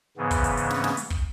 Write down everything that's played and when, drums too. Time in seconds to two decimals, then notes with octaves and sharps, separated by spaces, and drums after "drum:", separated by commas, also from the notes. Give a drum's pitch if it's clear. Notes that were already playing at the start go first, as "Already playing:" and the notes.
0.17 G#2 C#3 E3 B3
0.31 drum: kick, hi-hat
0.44 drum: hi-hat
0.57 drum: hi-hat
0.70 drum: snare
0.84 drum: snare
0.97 drum: hi-hat
1.10 drum: kick